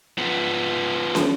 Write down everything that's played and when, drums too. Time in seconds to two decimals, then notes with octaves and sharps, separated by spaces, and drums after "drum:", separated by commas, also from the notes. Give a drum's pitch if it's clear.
0.18 F3 B3
1.15 drum: snare